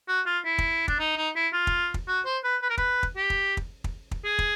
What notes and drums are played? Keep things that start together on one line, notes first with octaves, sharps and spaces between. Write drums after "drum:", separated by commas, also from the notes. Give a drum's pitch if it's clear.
F#4
F4
E4
drum: kick
D4, drum: kick
D#4
D#4
E4
F4
drum: kick
drum: kick
F#4
C5
B4
B4
A#4
B4, drum: kick
drum: kick
G4
drum: kick
drum: kick
drum: kick
drum: kick
G#4
drum: kick